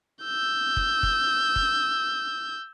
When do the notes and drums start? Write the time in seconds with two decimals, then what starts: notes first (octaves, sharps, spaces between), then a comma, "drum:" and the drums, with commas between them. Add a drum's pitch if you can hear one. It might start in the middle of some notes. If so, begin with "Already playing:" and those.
0.24 E6 G6
0.77 drum: kick
1.03 drum: kick
1.56 drum: kick